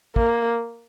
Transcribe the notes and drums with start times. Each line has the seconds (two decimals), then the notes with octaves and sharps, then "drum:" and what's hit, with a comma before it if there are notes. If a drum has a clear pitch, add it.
0.16 A#3, drum: kick